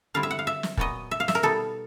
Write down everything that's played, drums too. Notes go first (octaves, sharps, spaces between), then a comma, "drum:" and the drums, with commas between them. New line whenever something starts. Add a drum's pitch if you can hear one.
D3 G3 C4 E4 F5
E5
F#5
F5
E5
drum: snare
A#2 F#3 B3 D#5, drum: kick
E5
F5
E5, drum: snare
A#4
B2 G3 B3 D#4 A4